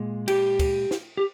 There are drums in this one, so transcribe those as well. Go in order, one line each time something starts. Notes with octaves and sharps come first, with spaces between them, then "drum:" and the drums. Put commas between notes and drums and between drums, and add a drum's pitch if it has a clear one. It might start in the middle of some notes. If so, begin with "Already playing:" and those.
Already playing: A#2 G#3
G4, drum: cymbal
drum: kick, cymbal
drum: snare
G4